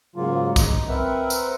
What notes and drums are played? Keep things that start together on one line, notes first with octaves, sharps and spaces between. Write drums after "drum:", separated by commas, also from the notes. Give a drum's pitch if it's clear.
G#2 C#3 F#3 A#3 F4
D#4, drum: kick, tambourine
C4 A#4 B4 E5 F#5
drum: tambourine